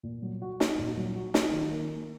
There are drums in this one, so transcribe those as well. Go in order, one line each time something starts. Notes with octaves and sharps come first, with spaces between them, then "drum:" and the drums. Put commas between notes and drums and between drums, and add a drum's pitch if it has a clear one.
A#2
F#3
F#4
D#4, drum: snare
A#2
F#3
F#4
D#4, drum: snare
D#3
A#3